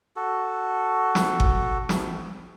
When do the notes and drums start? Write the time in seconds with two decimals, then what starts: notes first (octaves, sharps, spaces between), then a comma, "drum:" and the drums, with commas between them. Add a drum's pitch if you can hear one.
0.16 F#4 A4
1.15 drum: snare
1.40 drum: kick G1
1.89 drum: snare